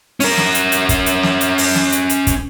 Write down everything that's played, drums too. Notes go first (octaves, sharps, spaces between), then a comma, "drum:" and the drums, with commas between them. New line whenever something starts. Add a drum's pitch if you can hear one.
C#4 A#4, drum: open hi-hat
drum: snare
drum: hi-hat
drum: hi-hat
drum: kick, hi-hat
drum: hi-hat
drum: snare
drum: hi-hat
drum: open hi-hat
drum: snare
drum: hi-hat
drum: hi-hat
drum: kick, hi-hat